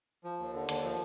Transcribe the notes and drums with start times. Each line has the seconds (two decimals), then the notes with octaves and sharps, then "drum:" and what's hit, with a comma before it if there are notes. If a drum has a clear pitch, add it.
0.24 F3
0.39 D#2
0.54 D3
0.69 D#2, drum: hi-hat
0.84 F3